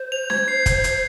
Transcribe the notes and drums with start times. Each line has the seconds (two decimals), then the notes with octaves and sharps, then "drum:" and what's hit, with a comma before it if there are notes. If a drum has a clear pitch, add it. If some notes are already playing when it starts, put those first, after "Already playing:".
Already playing: C5
0.12 F7
0.30 G#6, drum: snare
0.48 C7
0.66 drum: kick, hi-hat
0.84 drum: hi-hat